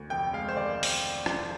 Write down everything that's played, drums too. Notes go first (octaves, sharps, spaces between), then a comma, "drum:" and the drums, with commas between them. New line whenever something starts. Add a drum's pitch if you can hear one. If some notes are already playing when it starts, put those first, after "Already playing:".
Already playing: D2
F1 G5
G#3 F5
C5
D#3 D5
drum: open hi-hat
drum: rim click